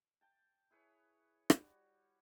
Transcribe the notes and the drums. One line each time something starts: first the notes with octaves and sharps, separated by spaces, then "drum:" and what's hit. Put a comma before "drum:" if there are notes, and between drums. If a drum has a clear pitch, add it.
G5 A5
E4 G#4 B4 C#5
G3 F#4, drum: rim click